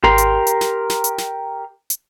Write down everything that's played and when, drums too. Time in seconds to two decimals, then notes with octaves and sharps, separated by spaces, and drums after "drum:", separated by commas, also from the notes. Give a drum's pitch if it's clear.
0.04 G4 A#4 A#5 C6, drum: kick G#1
0.18 drum: hi-hat
0.47 drum: hi-hat
0.61 drum: snare
0.90 drum: snare
1.04 drum: hi-hat
1.18 drum: snare
1.90 drum: hi-hat